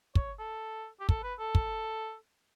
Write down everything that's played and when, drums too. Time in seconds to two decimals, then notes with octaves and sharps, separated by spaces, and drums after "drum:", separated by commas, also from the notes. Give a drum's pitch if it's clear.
0.15 C#5, drum: kick
0.39 A4
1.00 G4
1.09 A4, drum: kick
1.23 B4
1.39 A4
1.55 drum: kick